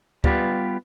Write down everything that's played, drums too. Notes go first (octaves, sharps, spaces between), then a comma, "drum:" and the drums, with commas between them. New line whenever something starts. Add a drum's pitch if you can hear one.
G3 B3 F4 G4 B4, drum: kick